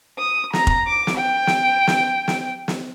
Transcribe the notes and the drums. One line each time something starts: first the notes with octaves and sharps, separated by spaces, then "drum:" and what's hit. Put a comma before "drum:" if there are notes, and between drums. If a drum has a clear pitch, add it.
D#6
A#5, drum: snare
drum: kick F1
D6
drum: snare
G5
drum: snare
drum: snare
drum: snare
drum: snare